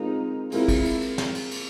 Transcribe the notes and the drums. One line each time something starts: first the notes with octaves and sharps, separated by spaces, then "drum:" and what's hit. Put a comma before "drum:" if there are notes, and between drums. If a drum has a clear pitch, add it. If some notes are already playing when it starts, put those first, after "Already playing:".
Already playing: G#3 C4 D#4 F4 A#4
G#3 C4 E4 F4 A#4, drum: cymbal
drum: kick, cymbal
drum: cymbal
drum: cymbal
drum: snare
drum: cymbal
drum: cymbal